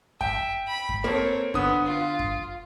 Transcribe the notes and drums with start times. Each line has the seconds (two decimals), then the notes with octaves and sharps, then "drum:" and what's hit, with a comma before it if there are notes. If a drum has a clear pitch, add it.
0.21 E5 G5, drum: kick F#2
0.67 B5
0.89 drum: kick F#2
1.04 A#3 C4 A4 C#5
1.54 D3 B3 D#6, drum: kick F#2
1.86 F4
2.19 drum: kick F#2